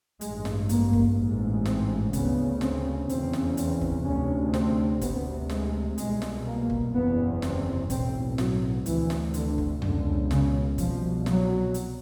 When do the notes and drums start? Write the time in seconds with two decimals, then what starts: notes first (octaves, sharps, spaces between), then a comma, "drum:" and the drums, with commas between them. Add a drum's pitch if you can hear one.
0.21 A1 G2 G#3, drum: hi-hat
0.45 drum: snare
0.69 A#3, drum: hi-hat
0.93 drum: kick
1.17 A1 G#2
1.65 C4, drum: snare
2.13 D2 C#3 B3, drum: kick, hi-hat
2.61 C4, drum: snare
3.09 F1 E2 C#3 C4, drum: hi-hat
3.33 drum: snare
3.57 C4, drum: hi-hat
3.81 drum: kick
4.05 D2 C3 C#4
4.54 C4, drum: snare
5.01 D2 C3 B3, drum: kick, hi-hat
5.50 G#3, drum: snare
5.98 C2 B2 G#3, drum: hi-hat
6.22 drum: snare
6.46 A#3
6.70 drum: kick
6.93 F#1 E2 C3 B3
7.42 C4, drum: snare
7.90 B1 A2 C4, drum: kick, hi-hat
8.38 F#3, drum: snare
8.86 D2 C3 E3, drum: hi-hat
9.10 drum: snare
9.34 D3, drum: hi-hat
9.58 drum: kick
9.82 C#2 B2 D3, drum: tom F2
10.31 C#3, drum: snare
10.78 C2 B2 F3, drum: kick, hi-hat
11.26 F#3, drum: snare
11.74 drum: hi-hat